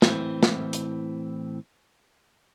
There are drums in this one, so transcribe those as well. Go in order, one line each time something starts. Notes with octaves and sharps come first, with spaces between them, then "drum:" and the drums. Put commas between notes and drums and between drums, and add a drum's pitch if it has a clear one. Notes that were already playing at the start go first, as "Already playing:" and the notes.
A2 E3 C4, drum: snare
drum: snare
drum: hi-hat